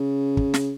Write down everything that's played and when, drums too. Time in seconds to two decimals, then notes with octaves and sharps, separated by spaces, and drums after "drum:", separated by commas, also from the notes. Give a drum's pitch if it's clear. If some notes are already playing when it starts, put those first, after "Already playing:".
Already playing: C#3
0.37 drum: kick
0.54 drum: snare